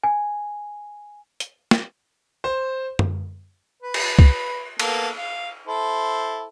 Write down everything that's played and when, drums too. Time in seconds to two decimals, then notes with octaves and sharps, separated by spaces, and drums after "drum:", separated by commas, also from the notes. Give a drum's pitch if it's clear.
0.03 G#5
1.40 drum: hi-hat
1.71 drum: snare
2.44 C5
2.99 drum: tom F#2
3.82 B4
3.94 drum: cymbal
4.19 drum: kick
4.80 A#3 B3 A4, drum: cymbal
5.18 F5
5.67 E4 A4 C5